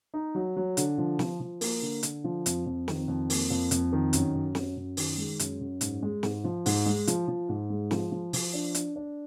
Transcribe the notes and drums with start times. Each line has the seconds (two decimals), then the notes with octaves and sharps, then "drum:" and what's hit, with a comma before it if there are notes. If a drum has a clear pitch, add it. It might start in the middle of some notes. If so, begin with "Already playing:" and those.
0.14 D#4
0.35 F#3
0.57 F#3
0.77 D3, drum: hi-hat
0.98 F3
1.19 F3, drum: snare
1.40 F3
1.61 A#3, drum: open hi-hat
1.82 D3
2.03 D3, drum: hi-hat
2.24 F3
2.46 F2, drum: hi-hat
2.66 F2
2.88 D#3, drum: snare
3.08 F2
3.30 A#3, drum: open hi-hat
3.50 F2
3.71 F2, drum: hi-hat
3.93 D#3
4.13 F#2, drum: hi-hat
4.34 F#2
4.55 F#2, drum: snare
4.77 F#2
4.97 D#3, drum: open hi-hat
5.18 G#3
5.39 F#2, drum: hi-hat
5.60 F#2
5.81 G#2, drum: hi-hat
6.02 G#3
6.23 G#2, drum: snare
6.44 F3
6.66 G#2, drum: open hi-hat
6.86 G#3
7.07 F3, drum: hi-hat
7.28 F3
7.49 G#2
7.70 G#3
7.91 F3, drum: snare
8.12 F3
8.33 F3, drum: open hi-hat
8.54 D4
8.74 D4, drum: hi-hat
8.96 D4